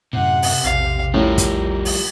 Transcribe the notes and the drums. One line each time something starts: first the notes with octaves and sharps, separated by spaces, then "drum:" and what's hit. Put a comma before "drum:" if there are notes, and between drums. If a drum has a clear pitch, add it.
F#2 A2 C3 F#5
drum: open hi-hat
A#1 E2 F5
A2 F3 G3 A#4
drum: kick, hi-hat
drum: open hi-hat